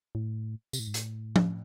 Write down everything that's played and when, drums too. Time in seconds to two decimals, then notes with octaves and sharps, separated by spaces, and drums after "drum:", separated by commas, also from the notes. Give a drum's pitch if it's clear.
0.15 A2
0.73 C3, drum: tambourine
0.79 A2
0.87 G#2
0.94 A2, drum: hi-hat
1.36 drum: tom F3